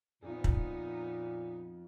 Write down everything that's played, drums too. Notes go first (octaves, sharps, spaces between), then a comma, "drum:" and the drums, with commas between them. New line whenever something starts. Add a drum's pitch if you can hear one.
F2 A#2 B3 D#4
drum: kick